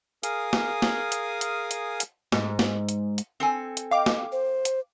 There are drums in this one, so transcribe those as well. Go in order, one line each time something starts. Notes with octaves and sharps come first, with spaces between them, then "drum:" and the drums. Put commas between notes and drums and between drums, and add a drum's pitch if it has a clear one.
G#4 A#4 F5 G#5 D#6, drum: hi-hat
drum: snare
drum: snare
drum: hi-hat
drum: hi-hat
drum: hi-hat
drum: hi-hat
G#2, drum: snare
drum: snare
drum: hi-hat
drum: hi-hat
C4 A4 G#5
drum: hi-hat
D#5 F5 G5 D6
drum: snare
C5
drum: hi-hat